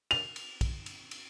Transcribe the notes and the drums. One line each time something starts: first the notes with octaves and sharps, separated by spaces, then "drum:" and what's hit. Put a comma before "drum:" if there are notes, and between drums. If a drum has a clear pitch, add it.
F7, drum: cymbal
drum: cymbal
drum: kick, cymbal
drum: cymbal
drum: cymbal